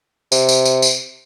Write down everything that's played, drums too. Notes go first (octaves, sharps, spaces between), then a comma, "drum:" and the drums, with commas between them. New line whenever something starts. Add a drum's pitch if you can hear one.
C3, drum: tambourine
drum: tambourine
drum: tambourine
drum: tambourine